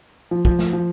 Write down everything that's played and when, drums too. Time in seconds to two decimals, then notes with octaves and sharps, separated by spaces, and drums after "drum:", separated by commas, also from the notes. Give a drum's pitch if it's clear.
0.31 F3
0.45 F3, drum: kick
0.59 drum: snare
0.73 F3